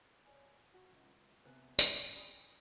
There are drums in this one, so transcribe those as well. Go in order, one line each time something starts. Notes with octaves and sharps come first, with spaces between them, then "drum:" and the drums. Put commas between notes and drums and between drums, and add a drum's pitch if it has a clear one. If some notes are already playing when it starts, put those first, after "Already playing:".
C#5 D5 G#5
F#4
C#2
C3 B3 G#5 F#6
drum: tambourine
G5 G#5 B5 C6 D#6